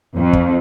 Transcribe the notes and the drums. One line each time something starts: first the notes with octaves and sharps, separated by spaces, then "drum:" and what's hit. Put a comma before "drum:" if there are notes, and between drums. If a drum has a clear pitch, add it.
F2
drum: kick